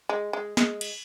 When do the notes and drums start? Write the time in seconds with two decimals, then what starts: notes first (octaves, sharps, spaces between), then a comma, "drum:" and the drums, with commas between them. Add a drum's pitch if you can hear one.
0.09 G#3
0.33 G#3
0.57 G#3, drum: snare
0.81 drum: cymbal